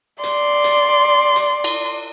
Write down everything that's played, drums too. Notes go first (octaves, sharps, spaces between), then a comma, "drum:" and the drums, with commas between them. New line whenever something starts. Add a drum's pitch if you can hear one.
D5 C6, drum: hi-hat
drum: hi-hat
drum: hi-hat
drum: cymbal